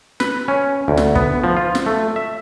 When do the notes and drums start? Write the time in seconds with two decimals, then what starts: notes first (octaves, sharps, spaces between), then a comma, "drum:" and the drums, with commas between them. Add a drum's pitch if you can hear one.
0.20 B4, drum: snare
0.48 C#4
0.88 D2
0.97 drum: snare
1.15 B3, drum: kick
1.44 F3
1.56 F4
1.75 drum: snare
1.86 A3
2.16 E5